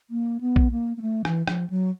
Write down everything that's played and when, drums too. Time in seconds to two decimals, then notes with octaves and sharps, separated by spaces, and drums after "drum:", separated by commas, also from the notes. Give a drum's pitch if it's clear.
0.10 A#3
0.41 B3
0.56 drum: kick A#1
0.72 A#3
0.97 A#3
1.02 A3
1.25 E3, drum: rim click
1.48 F3, drum: rim click
1.70 F#3